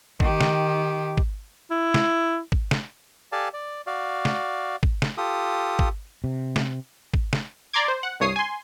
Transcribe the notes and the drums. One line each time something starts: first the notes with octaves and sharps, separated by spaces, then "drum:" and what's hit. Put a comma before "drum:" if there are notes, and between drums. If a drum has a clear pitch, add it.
D#3 G4, drum: kick
drum: snare
drum: kick
E4
drum: snare
drum: kick
drum: snare
G4 A4 D5 F5 G#5 A5
D5
F#4 D5 F5
drum: snare
drum: kick
drum: snare
F4 G4 A4 D#6
drum: kick
C3
drum: snare
drum: kick
drum: snare
D5 A#5 C6 D6 G#6
C5
F#5
C2 G2 C#5 D#6 C7
G#5 C6